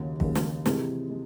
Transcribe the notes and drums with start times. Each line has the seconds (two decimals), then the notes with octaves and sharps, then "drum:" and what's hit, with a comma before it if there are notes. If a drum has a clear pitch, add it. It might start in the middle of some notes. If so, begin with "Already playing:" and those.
Already playing: D#2 C#3 F#3 A#3
0.20 D#2 C#3 F#3 A#3, drum: kick
0.35 drum: snare
0.66 C3 E3 G#3, drum: snare
1.10 G#3